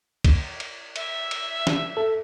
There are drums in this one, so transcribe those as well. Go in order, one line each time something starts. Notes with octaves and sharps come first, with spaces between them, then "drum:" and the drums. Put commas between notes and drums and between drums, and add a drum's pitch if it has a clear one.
drum: kick B1, cymbal
drum: cymbal
E5, drum: cymbal
drum: cymbal
drum: snare
A4